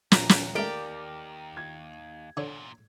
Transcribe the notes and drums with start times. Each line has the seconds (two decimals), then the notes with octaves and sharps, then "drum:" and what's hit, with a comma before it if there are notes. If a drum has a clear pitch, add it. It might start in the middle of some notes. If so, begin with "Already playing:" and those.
0.12 A#1 D#2 A#5, drum: snare
0.29 drum: snare
0.55 G#3 A3 G4 A#4 D5 G5
1.57 G#6
2.37 E2 A#2 D3 C#5 C#6